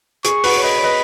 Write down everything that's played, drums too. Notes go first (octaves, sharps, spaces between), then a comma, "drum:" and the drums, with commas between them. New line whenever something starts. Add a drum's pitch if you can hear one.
G#4 C#6, drum: hi-hat
F#4 B4, drum: open hi-hat
C#5
B4 D#5 B5
C#5
B4 D#5